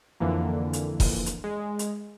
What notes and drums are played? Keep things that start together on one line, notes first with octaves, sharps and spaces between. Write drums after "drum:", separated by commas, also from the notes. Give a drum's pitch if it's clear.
F2 D3 E3 A#3
drum: hi-hat
drum: kick F1, open hi-hat
drum: hi-hat
G#3
drum: hi-hat